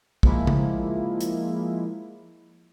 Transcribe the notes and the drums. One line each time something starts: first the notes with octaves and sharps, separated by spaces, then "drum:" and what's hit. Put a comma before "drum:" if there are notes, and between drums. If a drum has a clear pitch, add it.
F3 G#3 A#3 E4, drum: kick
drum: tom C#3
drum: hi-hat